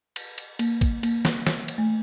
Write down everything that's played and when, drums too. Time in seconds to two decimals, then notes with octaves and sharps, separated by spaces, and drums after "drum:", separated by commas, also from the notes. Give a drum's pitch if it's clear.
0.16 drum: cymbal
0.38 drum: cymbal
0.59 A#3, drum: cymbal
0.81 drum: kick, cymbal
1.03 A#3, drum: cymbal
1.25 drum: snare
1.47 drum: snare
1.68 drum: cymbal
1.78 A3